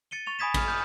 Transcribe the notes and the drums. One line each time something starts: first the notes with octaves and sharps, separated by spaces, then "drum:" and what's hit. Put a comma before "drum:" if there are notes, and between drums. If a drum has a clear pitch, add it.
A6 C#7 D#7 G7
C#6 A6 F7
G#5 B5 D#6 G#6 B6 E7
B5 F6, drum: kick A1, cymbal
D#6 F6 G6